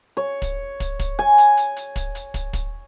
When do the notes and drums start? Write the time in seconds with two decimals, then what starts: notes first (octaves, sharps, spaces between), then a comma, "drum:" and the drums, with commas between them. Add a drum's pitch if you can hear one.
0.17 C#5
0.42 drum: kick, hi-hat
0.80 drum: kick, hi-hat
0.99 drum: kick, hi-hat
1.19 G#5
1.38 drum: hi-hat
1.57 drum: hi-hat
1.76 drum: hi-hat
1.96 drum: kick, hi-hat
2.15 drum: hi-hat
2.34 drum: kick, hi-hat
2.53 drum: kick, hi-hat